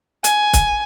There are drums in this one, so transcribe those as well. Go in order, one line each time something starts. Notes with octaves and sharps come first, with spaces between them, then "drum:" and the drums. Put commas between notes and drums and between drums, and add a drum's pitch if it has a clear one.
G#5, drum: hi-hat
drum: kick, hi-hat